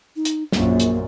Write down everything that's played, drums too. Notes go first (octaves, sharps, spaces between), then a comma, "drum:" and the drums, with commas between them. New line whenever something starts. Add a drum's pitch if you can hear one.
D#4
drum: hi-hat
A#1 F#2 A#3, drum: snare
drum: hi-hat